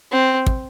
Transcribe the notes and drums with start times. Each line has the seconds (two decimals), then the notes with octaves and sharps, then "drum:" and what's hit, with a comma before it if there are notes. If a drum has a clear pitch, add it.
0.12 C4
0.46 drum: kick